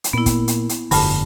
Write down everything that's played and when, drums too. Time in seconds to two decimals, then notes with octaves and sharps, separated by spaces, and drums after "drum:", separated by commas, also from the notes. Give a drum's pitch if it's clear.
0.04 drum: hi-hat
0.13 A#2 B3 E4
0.26 drum: kick, hi-hat
0.48 drum: hi-hat
0.69 drum: hi-hat
0.91 F1 G2 D3 A5 F6, drum: open hi-hat